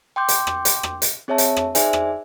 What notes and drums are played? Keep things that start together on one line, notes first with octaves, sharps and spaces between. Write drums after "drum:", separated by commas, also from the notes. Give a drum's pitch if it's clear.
G5 C6 D6 G6
drum: hi-hat
drum: rim click
drum: hi-hat
drum: rim click
drum: hi-hat
C4 G#4 C#5 E5 A5
drum: hi-hat
drum: rim click
D#4 G#4 C5 D5 E5 G#5, drum: hi-hat
drum: rim click